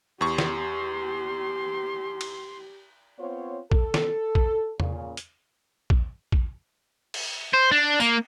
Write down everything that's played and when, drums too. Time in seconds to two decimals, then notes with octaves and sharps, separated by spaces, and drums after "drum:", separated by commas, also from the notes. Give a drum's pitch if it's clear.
0.21 E2 G4 C6 C#6
0.38 drum: snare
2.21 drum: cymbal
3.19 B3 C4 F4 C5 C#5
3.72 A4, drum: kick A#1
3.94 drum: snare
4.35 drum: kick A#1
4.80 A#2 C#3, drum: tom E2
5.17 drum: hi-hat
5.90 drum: kick A#1
6.32 drum: kick A#1
7.14 drum: cymbal
7.53 C5
7.71 D4
8.00 A#3, drum: tambourine